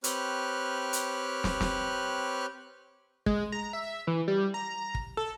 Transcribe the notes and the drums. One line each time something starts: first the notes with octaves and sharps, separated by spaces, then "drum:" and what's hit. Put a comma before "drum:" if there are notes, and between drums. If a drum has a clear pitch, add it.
C4 G4 B4 C#5 F6 F#6, drum: hi-hat
drum: hi-hat
drum: snare
drum: snare
G#3, drum: kick
A#5
E5
E3
G3
A#5
drum: kick
A4